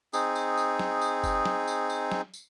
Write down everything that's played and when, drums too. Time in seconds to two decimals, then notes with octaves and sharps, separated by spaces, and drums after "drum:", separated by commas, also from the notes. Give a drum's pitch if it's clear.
0.13 C4 D#4 G#4, drum: tambourine
0.35 drum: tambourine
0.57 drum: tambourine
0.79 drum: snare
1.01 drum: tambourine
1.23 drum: kick G1, tambourine
1.46 drum: snare
1.68 drum: tambourine
1.90 drum: tambourine
2.12 drum: snare
2.34 drum: tambourine